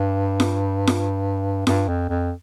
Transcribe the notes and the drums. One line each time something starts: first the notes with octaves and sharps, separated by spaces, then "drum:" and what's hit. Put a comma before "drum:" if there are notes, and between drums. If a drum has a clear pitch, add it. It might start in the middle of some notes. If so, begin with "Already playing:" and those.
Already playing: G2
drum: snare F4
drum: snare F4
G2, drum: snare F4
F2
F2